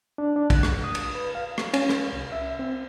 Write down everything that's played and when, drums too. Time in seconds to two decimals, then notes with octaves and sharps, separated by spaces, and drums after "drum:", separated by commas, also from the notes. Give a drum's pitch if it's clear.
0.18 D4
0.36 D4
0.50 F#6, drum: kick, cymbal
0.63 drum: rim click
0.84 D#6
0.95 drum: cymbal
1.15 B4
1.35 F5
1.58 drum: rim click
1.74 C#4, drum: cymbal
1.89 drum: rim click
2.13 C2
2.32 E5
2.59 C4